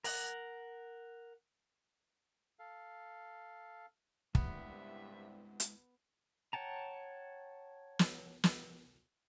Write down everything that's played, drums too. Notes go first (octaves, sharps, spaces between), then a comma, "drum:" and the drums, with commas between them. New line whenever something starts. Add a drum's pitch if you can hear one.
A#4 F#5, drum: open hi-hat
A4 F5
C2 G2 C3 G#3 B3 E4 C5 E5, drum: kick
drum: hi-hat
C#5 F#5 G5 A5 A#5
drum: snare
drum: snare